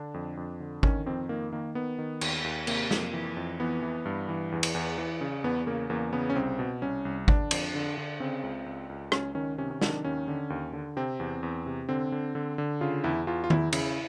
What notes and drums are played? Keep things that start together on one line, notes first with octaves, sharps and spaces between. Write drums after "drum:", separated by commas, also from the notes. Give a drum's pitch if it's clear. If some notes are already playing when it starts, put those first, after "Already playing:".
Already playing: D3 D4
F2
F2
D3
D#3 C#4, drum: kick G#1
F2 C4
D#3 A#3
D#3 A#3
D#3 B3
D#3
D#2, drum: cymbal
D#2
C3 A#3, drum: cymbal
F2, drum: snare
E3
F2
E3 B3
E3
G2
E3
E2
drum: cymbal
E2
E3
C#3
E2 B3
C#3 A#3
E2 A#3
C#3 B3
C#4
C2 C4
B2
C2 C#4
C2
D3 D4, drum: kick G#1
F2, drum: cymbal
D3
D3
C#3 C4
C#2
C#2
C#2
C#2 C#4, drum: rim click
D#3 C#4
C3 C#4
C#4
D#3 D4, drum: snare
D#2 C#4
D3
D#2
D3
C3 C4
E2
E2
C3
D3 C4
D3
D3
D3
C#3 F4
E2 E4
E2 F4
F4
E2 E4, drum: tom D#3
C#3 E4, drum: cymbal